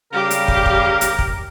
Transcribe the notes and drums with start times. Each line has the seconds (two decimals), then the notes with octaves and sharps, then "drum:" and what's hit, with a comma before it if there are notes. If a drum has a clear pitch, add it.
0.13 C#3 G3 G4 A#4 F5
0.31 drum: hi-hat
0.48 drum: kick
0.66 drum: kick
1.01 drum: hi-hat
1.19 drum: kick